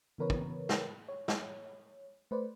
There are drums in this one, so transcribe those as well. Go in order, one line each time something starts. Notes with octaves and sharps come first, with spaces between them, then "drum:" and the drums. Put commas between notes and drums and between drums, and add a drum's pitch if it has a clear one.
C#3 E3 B3 A#4 B4 C#5
drum: kick
drum: snare
C#5
drum: snare
A3 B4 C5 D5